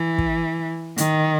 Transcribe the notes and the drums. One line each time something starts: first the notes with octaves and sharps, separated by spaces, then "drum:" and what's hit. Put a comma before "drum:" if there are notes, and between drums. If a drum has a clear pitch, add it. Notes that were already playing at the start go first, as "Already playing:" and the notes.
Already playing: E3
drum: kick
D#3, drum: hi-hat